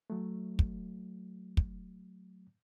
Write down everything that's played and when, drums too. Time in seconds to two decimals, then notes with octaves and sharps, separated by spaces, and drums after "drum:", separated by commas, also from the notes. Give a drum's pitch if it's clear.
0.10 F#3 A3
0.59 drum: kick
1.57 drum: kick